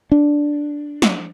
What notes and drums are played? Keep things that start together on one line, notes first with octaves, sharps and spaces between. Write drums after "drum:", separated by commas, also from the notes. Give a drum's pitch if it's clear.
D4
drum: snare